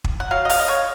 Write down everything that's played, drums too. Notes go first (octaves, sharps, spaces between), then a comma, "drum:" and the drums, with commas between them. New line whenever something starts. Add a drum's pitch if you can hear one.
drum: kick
F#5
F#3 F5
D#5
C#3 F5, drum: open hi-hat
D#5
C#3 C#5